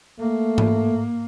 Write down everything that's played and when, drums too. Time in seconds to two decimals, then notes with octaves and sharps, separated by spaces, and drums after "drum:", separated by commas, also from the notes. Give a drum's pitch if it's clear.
0.20 A3 A#3
0.58 drum: tom G#2